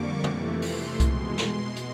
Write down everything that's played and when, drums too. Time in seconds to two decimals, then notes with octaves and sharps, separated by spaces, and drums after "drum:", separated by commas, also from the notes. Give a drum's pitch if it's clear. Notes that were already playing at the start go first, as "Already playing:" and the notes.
Already playing: F2 D3 G3 A#3 C#6 D6
0.24 F2 C3 E3 A3, drum: tom
0.62 C6, drum: open hi-hat
1.00 B2 G#3 C6, drum: kick C2, hi-hat
1.38 C6, drum: snare
1.76 drum: hi-hat